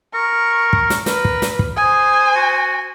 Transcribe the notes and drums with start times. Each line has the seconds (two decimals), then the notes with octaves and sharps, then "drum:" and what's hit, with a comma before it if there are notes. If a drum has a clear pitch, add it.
0.14 A#4 C#6
0.73 drum: kick
0.90 drum: snare
1.06 A#4 B4, drum: snare
1.25 drum: kick
1.42 drum: snare
1.59 drum: kick
1.77 G#4 C5 G#5
2.36 F#4